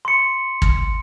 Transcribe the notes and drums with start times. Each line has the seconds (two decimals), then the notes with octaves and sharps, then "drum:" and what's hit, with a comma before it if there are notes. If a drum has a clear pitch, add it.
0.05 C6 C#7
0.62 drum: kick